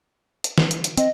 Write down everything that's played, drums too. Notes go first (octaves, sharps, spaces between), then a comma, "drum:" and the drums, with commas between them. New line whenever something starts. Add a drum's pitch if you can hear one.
drum: hi-hat
drum: snare
drum: hi-hat
drum: hi-hat
C4 D#5, drum: hi-hat